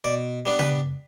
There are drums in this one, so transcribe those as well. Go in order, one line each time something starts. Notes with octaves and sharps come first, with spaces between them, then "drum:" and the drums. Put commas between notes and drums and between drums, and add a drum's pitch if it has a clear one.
B2 D5
G3 B3 D4
B4, drum: tom C#3